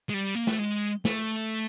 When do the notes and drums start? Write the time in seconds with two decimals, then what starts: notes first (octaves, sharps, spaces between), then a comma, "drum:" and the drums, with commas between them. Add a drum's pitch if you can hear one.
0.09 G#3
0.14 G3
0.35 A#3
0.47 A3, drum: snare
0.59 G#3
1.05 A3, drum: snare